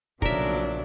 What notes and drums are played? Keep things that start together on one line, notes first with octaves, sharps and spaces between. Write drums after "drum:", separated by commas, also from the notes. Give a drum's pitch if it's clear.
B1 A#2 C#3 F3 F#3 D4 A#4 E5, drum: kick